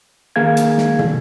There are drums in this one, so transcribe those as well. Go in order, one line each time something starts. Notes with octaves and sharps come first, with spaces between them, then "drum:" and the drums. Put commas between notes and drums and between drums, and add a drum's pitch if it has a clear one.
D#3 A#3 G#4 F5 G#6
drum: hi-hat
drum: snare
drum: tom